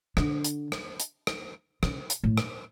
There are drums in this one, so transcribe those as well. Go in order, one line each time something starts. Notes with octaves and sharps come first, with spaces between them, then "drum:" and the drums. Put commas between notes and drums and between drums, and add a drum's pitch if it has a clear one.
D3, drum: rim click
drum: hi-hat
drum: rim click
drum: hi-hat
drum: rim click
C#3, drum: rim click
drum: hi-hat
A2
drum: rim click